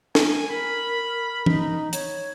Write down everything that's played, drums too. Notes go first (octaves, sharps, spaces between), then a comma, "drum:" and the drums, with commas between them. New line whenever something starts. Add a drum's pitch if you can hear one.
G#5, drum: snare
A#4 B5
D#4, drum: tom E3
C#5, drum: hi-hat